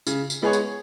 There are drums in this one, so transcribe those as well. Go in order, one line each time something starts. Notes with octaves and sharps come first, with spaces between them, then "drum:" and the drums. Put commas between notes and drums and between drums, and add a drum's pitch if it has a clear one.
C#3, drum: tambourine
drum: tambourine
G#3 B3 G#4 C#5
drum: tambourine